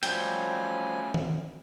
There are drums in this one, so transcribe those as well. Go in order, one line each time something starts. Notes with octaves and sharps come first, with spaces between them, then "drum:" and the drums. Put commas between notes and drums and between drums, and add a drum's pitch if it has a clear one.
F3 G3 A3 C#4 F#4 G5 G#5, drum: hi-hat
drum: tom D#3